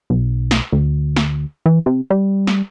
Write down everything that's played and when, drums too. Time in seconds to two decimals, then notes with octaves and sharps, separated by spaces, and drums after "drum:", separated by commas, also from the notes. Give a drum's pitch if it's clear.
0.10 B1
0.51 drum: snare
0.72 D2
1.16 drum: snare
1.66 E3
1.86 C3
2.10 G3
2.47 drum: snare